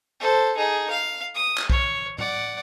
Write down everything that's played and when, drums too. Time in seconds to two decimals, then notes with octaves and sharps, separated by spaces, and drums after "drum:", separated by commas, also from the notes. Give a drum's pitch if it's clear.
0.20 A4 C5
0.56 D#4 G#4
0.90 F5
1.35 D#6
1.57 drum: clap
1.70 C#5, drum: kick B1
2.18 D5 F#5, drum: tom A2